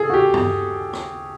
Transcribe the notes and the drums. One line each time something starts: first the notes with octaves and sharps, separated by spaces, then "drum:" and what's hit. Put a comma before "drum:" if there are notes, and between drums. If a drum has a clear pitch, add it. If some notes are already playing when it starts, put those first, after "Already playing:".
Already playing: G#4 A4
F#4
G4
drum: tom
drum: rim click